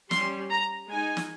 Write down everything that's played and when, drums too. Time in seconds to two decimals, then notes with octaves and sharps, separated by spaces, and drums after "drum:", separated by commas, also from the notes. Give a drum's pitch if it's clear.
0.11 G3 C#4 C6, drum: snare
0.51 A#5
0.90 G#3 D#4 G#5
1.17 drum: snare